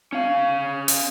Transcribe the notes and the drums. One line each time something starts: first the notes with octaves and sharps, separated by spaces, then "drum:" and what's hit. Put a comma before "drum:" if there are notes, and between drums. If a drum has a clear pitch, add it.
C#4 F5
drum: open hi-hat